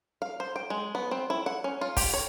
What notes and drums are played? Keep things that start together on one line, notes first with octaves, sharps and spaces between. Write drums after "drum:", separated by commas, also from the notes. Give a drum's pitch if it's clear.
F5
C5
G5
G#3
B3
C4
E4
F#5
C#4
F4
G4, drum: kick, open hi-hat
C#5